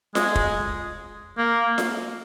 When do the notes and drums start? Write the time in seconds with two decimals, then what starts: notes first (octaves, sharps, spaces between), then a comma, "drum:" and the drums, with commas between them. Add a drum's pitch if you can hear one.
0.15 G#3, drum: snare F4
0.35 drum: kick
1.38 A#3
1.78 drum: snare F4